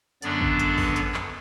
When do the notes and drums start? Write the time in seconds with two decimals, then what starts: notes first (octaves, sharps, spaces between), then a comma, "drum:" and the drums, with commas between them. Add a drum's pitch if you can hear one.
0.22 F#2 D3 F#3 B3 D4 D5, drum: hi-hat
0.41 drum: kick
0.59 drum: hi-hat
0.78 B4, drum: kick, open hi-hat
0.96 drum: hi-hat
1.14 drum: clap